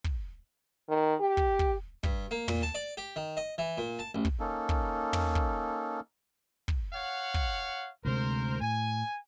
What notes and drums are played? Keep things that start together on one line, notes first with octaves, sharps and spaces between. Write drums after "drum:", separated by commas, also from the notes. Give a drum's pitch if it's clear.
drum: kick
D#3
G4
drum: kick
drum: kick
G2, drum: kick
A#3
A#2, drum: tom
A5
D5
G4
D#3
D#5
E3
A#2
A5
A1
drum: kick
A#3 C#4 D#4 A4
drum: kick
drum: tom
drum: kick
drum: kick
C#5 F5 F#5
drum: kick
D2 C3 G#3 A#4 C5
A2 G#5